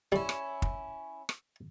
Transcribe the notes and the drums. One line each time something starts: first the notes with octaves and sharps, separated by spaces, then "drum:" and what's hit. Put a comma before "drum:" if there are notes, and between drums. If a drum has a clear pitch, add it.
G3 C#4 E4
drum: rim click
drum: kick
drum: rim click